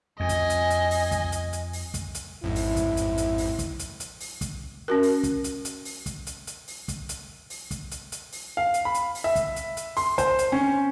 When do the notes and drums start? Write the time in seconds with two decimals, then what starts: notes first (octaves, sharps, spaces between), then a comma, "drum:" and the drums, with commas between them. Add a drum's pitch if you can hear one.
0.20 F2 D#5 G#5
0.29 drum: kick, hi-hat
0.50 drum: hi-hat
0.70 drum: hi-hat
0.91 drum: open hi-hat
1.12 drum: kick, hi-hat
1.32 drum: hi-hat
1.53 drum: hi-hat
1.73 drum: open hi-hat
1.94 drum: kick, hi-hat
2.15 drum: hi-hat
2.43 A1 F2 G#2 E4
2.56 drum: open hi-hat
2.76 drum: kick, hi-hat
2.97 drum: hi-hat
3.18 drum: hi-hat
3.38 drum: open hi-hat
3.59 drum: kick, hi-hat
3.79 drum: hi-hat
4.00 drum: hi-hat
4.21 drum: open hi-hat
4.41 drum: kick, hi-hat
4.88 C#4 F#4 A#4
5.03 drum: open hi-hat
5.24 drum: kick, hi-hat
5.44 drum: hi-hat
5.65 drum: hi-hat
5.85 drum: open hi-hat
6.06 drum: kick, hi-hat
6.27 drum: hi-hat
6.47 drum: hi-hat
6.68 drum: open hi-hat
6.88 drum: kick, hi-hat
7.09 drum: hi-hat
7.50 drum: open hi-hat
7.71 drum: kick, hi-hat
7.91 drum: hi-hat
8.12 drum: hi-hat
8.33 drum: open hi-hat
8.57 F5
8.74 drum: hi-hat
8.85 B5
8.94 drum: hi-hat
9.15 drum: open hi-hat
9.24 E5
9.36 drum: kick, hi-hat
9.56 drum: hi-hat
9.77 drum: hi-hat
9.97 C6, drum: open hi-hat
10.18 C5, drum: kick, hi-hat
10.39 drum: hi-hat
10.52 C#4